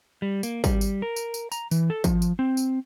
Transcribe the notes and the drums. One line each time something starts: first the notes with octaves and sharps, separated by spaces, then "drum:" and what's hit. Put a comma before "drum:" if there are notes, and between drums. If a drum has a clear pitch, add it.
G3
A#3, drum: tambourine
G3, drum: kick, tambourine
drum: tambourine
A#4
drum: tambourine
drum: tambourine
A#5, drum: tambourine
E3, drum: tambourine
A4
F3, drum: kick, tambourine
drum: tambourine
C4
drum: tambourine